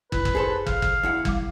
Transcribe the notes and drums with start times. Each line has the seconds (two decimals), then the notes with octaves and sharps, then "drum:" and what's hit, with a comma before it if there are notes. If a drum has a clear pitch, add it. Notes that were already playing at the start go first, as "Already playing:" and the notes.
0.12 F#2 B4, drum: kick
0.25 drum: kick
0.35 G#4 A4 C5
0.66 F5, drum: kick
0.82 drum: kick
1.03 E2 E4 F#5
1.25 G3 F5 D6, drum: kick